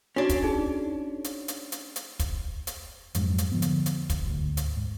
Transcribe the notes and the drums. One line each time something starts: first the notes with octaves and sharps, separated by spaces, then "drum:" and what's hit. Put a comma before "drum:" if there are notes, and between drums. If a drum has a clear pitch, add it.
C#4 D4 F#4
drum: kick, hi-hat
D#4 G#4
drum: hi-hat
drum: hi-hat
drum: hi-hat
drum: hi-hat
drum: kick, hi-hat
drum: hi-hat
F2 G#2 F#3 G#3, drum: hi-hat
drum: hi-hat
D3 F3 B3
drum: hi-hat
drum: hi-hat
drum: kick, hi-hat
G#1 D2
drum: hi-hat
G#2